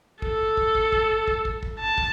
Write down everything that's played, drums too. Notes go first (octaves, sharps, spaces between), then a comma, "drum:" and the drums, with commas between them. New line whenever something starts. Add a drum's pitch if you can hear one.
A4, drum: kick
drum: kick
drum: kick
drum: kick
drum: kick
drum: kick
drum: kick
A5
drum: kick